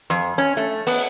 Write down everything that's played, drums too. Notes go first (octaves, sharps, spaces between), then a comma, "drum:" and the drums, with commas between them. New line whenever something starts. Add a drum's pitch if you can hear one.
F2
C#4
A3
B3, drum: open hi-hat